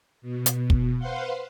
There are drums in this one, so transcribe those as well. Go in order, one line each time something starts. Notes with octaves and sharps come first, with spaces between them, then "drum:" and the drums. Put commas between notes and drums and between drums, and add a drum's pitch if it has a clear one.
B2
drum: hi-hat
drum: kick
B4 C5 F5 F#5 C6